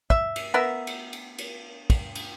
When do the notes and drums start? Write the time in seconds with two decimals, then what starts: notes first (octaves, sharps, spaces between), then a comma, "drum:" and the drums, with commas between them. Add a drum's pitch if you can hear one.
0.10 E5, drum: kick
0.36 drum: cymbal
0.54 B3 A#4 E5
0.87 drum: cymbal
1.13 drum: cymbal
1.38 drum: cymbal
1.90 drum: kick, cymbal
2.15 drum: cymbal